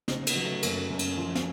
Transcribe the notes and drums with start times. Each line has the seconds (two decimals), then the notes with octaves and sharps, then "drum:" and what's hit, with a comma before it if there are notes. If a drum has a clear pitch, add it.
0.08 C#3 D#4, drum: snare
0.27 B3, drum: cymbal
0.35 F#3
0.45 A3
0.63 F#2 A#3, drum: cymbal
0.90 F#2
0.99 drum: cymbal
1.17 F3
1.35 drum: snare